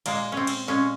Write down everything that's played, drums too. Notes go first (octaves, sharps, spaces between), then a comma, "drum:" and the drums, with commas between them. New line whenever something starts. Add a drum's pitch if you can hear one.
A#2 G#3 A#3, drum: cymbal
C4 C#4
drum: cymbal
A#2 G#3 C#4